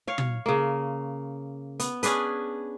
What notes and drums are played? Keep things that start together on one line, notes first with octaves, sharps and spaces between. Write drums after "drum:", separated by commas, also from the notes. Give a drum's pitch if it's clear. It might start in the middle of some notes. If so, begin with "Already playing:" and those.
C#5 F5
drum: tom
C#3 A#3
B3, drum: hi-hat
C#4 D4 G#4 B4, drum: hi-hat